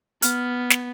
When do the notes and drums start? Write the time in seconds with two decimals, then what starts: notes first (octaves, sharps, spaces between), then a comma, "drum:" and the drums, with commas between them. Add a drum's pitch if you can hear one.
0.22 B3 F6, drum: hi-hat
0.70 drum: snare